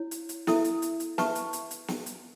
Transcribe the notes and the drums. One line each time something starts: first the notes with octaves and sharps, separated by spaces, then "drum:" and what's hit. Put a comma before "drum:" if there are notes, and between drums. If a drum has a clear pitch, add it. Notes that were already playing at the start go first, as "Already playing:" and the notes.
Already playing: E4 C#5
drum: hi-hat
drum: hi-hat
E4 A4 E5, drum: snare
drum: hi-hat
drum: hi-hat
drum: hi-hat
B4 E5 A5 C#6, drum: snare
drum: hi-hat
drum: hi-hat
drum: hi-hat
drum: snare
drum: hi-hat